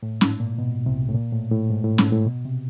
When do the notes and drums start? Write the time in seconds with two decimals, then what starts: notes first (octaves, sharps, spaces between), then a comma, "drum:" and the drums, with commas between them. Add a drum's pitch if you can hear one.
0.03 A2
0.21 G#2, drum: snare
0.40 A#2
0.58 B2
0.86 C2 C3
1.09 A2
1.14 A#2
1.33 A2
1.51 A2
1.70 G#2
1.84 A2
1.98 G#2, drum: snare
2.12 A2
2.26 B2
2.45 C3